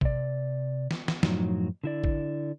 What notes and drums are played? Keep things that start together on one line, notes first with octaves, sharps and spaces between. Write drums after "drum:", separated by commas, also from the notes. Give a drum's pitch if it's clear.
C3 D5, drum: kick
drum: snare
drum: snare
F#2 A2 F3 F#3 D#4, drum: snare
D3 E4 D5
drum: kick